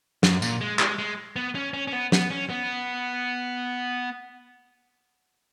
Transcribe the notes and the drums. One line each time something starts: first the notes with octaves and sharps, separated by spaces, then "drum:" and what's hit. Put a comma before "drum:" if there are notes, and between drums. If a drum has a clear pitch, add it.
F#2, drum: snare
A#2, drum: tambourine
G#3
G#3, drum: clap
G#3
B3
C#4
C#4
C#4
B3
B3, drum: snare
C#4
B3